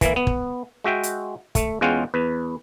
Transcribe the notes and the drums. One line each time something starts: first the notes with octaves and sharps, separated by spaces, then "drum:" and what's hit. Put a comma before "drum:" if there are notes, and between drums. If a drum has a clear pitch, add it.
E3 A#3 E4, drum: kick, hi-hat
B3
drum: kick
G#3 F#4 E5 G5
drum: hi-hat
A3, drum: kick, hi-hat
E2 G#3 C#4 F4 F#5 G5
E2 B4